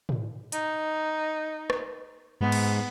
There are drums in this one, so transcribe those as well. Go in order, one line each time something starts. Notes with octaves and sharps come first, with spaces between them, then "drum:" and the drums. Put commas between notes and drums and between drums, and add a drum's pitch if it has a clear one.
drum: tom
D#4, drum: hi-hat
drum: rim click
G#2 B3
drum: cymbal